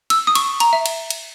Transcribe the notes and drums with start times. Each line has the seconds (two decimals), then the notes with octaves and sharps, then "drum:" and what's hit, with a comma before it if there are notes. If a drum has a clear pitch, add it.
0.10 E6, drum: cymbal
0.27 D#6
0.35 C#6, drum: cymbal
0.60 A#5, drum: cymbal
0.73 E5
0.86 drum: cymbal
1.10 drum: cymbal